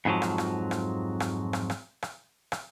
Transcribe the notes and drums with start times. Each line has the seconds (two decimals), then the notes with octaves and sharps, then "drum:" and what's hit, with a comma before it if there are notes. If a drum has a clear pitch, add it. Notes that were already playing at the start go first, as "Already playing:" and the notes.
0.05 F2 G#2 D#3 F3 F#3
0.22 drum: rim click
0.38 drum: rim click
0.71 drum: rim click
1.20 drum: rim click
1.53 drum: rim click
1.70 drum: rim click
2.02 drum: rim click
2.52 drum: rim click